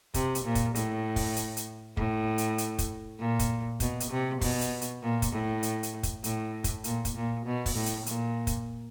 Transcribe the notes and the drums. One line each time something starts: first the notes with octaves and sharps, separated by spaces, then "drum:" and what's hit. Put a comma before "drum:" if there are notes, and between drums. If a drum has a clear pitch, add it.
C3, drum: kick, hi-hat
drum: hi-hat
A#2
drum: kick, hi-hat
A2, drum: hi-hat
drum: kick, open hi-hat
drum: hi-hat
drum: hi-hat
A2, drum: kick
drum: hi-hat
drum: hi-hat
drum: kick, hi-hat
A#2
drum: kick, hi-hat
B2, drum: kick, hi-hat
drum: hi-hat
C3
B2, drum: kick, open hi-hat
drum: hi-hat
drum: hi-hat
A#2
drum: kick, hi-hat
A2
drum: hi-hat
drum: hi-hat
drum: kick, hi-hat
A2, drum: hi-hat
drum: kick, hi-hat
A#2, drum: hi-hat
drum: kick, hi-hat
A#2
B2
drum: kick, open hi-hat
A2
drum: hi-hat
A#2, drum: hi-hat
drum: kick, hi-hat